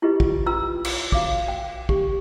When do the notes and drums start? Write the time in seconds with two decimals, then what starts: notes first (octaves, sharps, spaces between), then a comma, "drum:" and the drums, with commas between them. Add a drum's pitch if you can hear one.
0.02 E4 F4 G4 G#4 B4 D#5
0.20 drum: kick
0.46 C#4 F4 B4 A#5 C6 E6
0.84 drum: cymbal
1.12 F#4 F5 D6, drum: kick
1.48 G5
1.89 G4, drum: kick